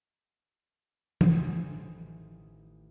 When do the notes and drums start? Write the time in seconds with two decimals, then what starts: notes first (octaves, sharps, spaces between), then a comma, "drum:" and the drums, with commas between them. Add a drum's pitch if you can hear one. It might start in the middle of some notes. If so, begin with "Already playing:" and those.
1.21 A1 A2 D#3 C5 G#5 D#6, drum: tom